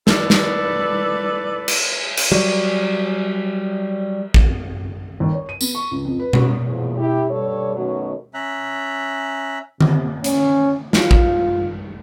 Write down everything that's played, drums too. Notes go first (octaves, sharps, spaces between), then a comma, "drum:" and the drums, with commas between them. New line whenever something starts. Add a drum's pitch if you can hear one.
E4 A4 B4 D5, drum: snare
drum: snare
drum: cymbal
drum: cymbal
F#3 G3
drum: kick
D#2
C#5
D#7
B3, drum: tambourine
C#6
C#2
F2
B4
F#4, drum: tom B2
E2 A#2 F3
E4 G4
G2 G3 A4 C#5
F#2 B2 D#3 F#3 A3 C#5
C#4 E5 A#5 F#6
C3, drum: tom D3
C#4, drum: hi-hat
F4, drum: snare
drum: kick